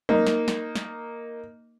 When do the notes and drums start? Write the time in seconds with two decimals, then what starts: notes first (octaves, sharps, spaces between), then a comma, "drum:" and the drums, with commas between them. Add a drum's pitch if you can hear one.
0.09 A#3 D#4, drum: tom F#3
0.27 drum: snare
0.48 drum: snare
0.75 drum: snare